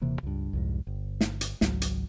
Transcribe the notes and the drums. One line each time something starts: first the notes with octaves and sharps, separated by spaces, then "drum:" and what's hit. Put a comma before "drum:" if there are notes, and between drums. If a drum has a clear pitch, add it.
D#1 C3 E3 A#3
C#2 G2
C2 F2 G#2
G1
drum: snare
drum: hi-hat
G#1 C#2 F#3, drum: snare
drum: hi-hat